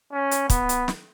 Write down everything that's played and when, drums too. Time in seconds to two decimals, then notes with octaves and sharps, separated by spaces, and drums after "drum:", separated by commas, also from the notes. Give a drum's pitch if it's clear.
0.12 C#4
0.31 drum: hi-hat
0.50 B3, drum: kick, hi-hat
0.69 drum: hi-hat
0.88 drum: snare